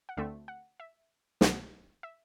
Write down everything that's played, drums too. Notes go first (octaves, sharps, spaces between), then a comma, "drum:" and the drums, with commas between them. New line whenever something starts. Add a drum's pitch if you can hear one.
F#5
D2 D3 A3 C4 E5
F#5
E5
C2 B2 F#3 B3 F#5, drum: snare
E5